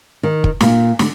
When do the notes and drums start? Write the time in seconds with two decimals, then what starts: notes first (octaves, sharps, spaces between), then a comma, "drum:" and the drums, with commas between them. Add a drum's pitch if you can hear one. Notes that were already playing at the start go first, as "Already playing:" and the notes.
0.23 D#3
0.44 drum: kick
0.61 A#2, drum: snare
0.99 D3, drum: snare